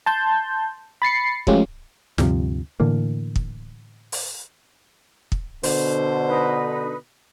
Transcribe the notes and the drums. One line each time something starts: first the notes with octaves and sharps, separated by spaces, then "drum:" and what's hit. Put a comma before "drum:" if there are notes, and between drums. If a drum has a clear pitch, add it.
A5 C6 G6
B5 A6 C7 C#7
F3 G#3 A3 C#4 F4 G4, drum: kick
D2 G2 C3 F3, drum: snare
A2 D3 E3 A#3
drum: kick
drum: open hi-hat
drum: kick
B2 D3 C5, drum: open hi-hat
D#4 B4